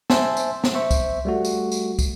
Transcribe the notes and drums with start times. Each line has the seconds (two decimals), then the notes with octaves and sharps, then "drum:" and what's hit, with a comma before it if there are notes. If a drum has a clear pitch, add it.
0.10 C5 E5 G#5 A5 C6 E6, drum: snare
0.37 drum: tambourine
0.64 drum: snare
0.75 C5 E5 C#6
0.91 drum: kick, tambourine
1.25 G3 A3 F#4
1.45 drum: tambourine
1.72 drum: tambourine
1.99 drum: kick, tambourine